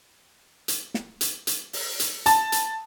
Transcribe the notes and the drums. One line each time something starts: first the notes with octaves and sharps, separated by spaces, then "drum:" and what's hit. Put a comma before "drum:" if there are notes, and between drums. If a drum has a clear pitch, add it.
drum: hi-hat
drum: snare
drum: hi-hat
drum: hi-hat
drum: open hi-hat
drum: hi-hat
A5, drum: hi-hat
drum: hi-hat